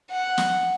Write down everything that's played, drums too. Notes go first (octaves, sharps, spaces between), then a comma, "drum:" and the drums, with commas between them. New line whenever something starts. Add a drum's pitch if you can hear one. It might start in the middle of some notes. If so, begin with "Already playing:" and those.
F#5
drum: snare